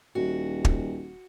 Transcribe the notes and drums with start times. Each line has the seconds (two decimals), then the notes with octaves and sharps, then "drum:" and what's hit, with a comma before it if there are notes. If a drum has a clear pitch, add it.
0.15 D#1 F#4
0.65 drum: kick